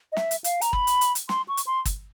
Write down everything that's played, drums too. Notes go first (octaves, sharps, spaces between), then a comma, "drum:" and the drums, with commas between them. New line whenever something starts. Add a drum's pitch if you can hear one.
D#5
E5, drum: snare
drum: hi-hat
F5, drum: hi-hat
A#5, drum: hi-hat
B5, drum: kick
drum: hi-hat
drum: hi-hat
drum: hi-hat
C6, drum: snare
C#6
drum: hi-hat
C6
drum: kick, hi-hat